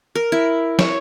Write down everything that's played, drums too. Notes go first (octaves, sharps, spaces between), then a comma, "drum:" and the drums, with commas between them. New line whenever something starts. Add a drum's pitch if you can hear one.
A#4
E4
C#5, drum: snare